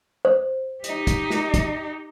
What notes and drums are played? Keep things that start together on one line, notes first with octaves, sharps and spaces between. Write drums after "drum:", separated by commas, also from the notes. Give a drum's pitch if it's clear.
C5
D#4 G4, drum: hi-hat
drum: kick, hi-hat
drum: snare
drum: kick, hi-hat